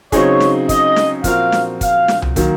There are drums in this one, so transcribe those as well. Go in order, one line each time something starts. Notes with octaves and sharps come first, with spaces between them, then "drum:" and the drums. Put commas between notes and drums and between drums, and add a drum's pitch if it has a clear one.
C#3 F#3 C4 D#4 G#4 C#5, drum: kick, hi-hat
drum: snare
D#5, drum: kick, hi-hat
drum: snare
A#2 F3 C4 F#4 A#4 F5, drum: kick, hi-hat
drum: snare
F5, drum: kick, hi-hat
drum: snare
drum: tom C2
D#3 F#3 A#3, drum: kick, hi-hat